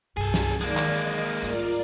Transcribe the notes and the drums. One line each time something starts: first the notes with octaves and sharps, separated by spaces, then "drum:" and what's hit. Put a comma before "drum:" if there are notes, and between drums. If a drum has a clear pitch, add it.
C2 G2 G#4 A4
drum: snare
D#3 E3 G#3 A#3 D5 D6
drum: clap
D#5
G#2 G3 F4 A#4 D5, drum: hi-hat